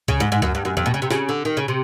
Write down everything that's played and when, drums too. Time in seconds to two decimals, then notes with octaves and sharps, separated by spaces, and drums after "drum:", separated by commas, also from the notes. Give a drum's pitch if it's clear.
0.08 C#3, drum: kick C#2
0.20 G#2
0.32 G#2
0.42 F#2, drum: kick C#2
0.55 G2
0.65 F#2
0.77 F2, drum: tom E2
0.86 B2
0.94 C#3
1.02 C3
1.11 C#3, drum: snare
1.29 D3
1.45 D#3
1.57 C#3
1.68 C3